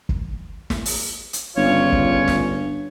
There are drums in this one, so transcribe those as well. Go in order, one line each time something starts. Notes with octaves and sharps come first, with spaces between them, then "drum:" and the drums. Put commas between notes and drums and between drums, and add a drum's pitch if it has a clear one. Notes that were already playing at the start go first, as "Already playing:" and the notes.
drum: kick
drum: snare
drum: open hi-hat
drum: hi-hat
G1 C#3 F4 C#5
drum: kick
drum: snare